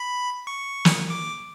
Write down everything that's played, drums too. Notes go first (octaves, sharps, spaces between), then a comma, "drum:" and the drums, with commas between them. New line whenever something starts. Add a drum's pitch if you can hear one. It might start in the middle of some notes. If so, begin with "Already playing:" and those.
Already playing: B5
C#6
drum: snare
D6